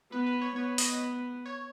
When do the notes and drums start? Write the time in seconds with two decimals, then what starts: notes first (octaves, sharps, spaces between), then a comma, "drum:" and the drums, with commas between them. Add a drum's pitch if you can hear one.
0.12 B3 B4
0.26 B4
0.42 C#5
0.56 B3 C#5
0.78 D#5, drum: open hi-hat
1.46 C#5